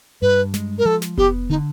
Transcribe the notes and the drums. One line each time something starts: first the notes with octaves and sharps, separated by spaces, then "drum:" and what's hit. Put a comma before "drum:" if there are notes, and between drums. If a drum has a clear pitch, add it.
G2 B4
G#3, drum: snare
A#4
F3 A4
drum: snare
B3 G4, drum: kick F1
D3 D#4